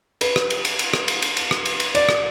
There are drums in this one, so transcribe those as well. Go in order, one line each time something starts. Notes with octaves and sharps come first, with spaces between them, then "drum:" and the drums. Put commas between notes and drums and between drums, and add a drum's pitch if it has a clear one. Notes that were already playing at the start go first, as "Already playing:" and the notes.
B4, drum: cymbal
drum: rim click
drum: cymbal
drum: cymbal
drum: cymbal
drum: rim click
drum: cymbal
drum: cymbal
drum: cymbal
drum: rim click
drum: cymbal
drum: cymbal
D5, drum: cymbal
drum: rim click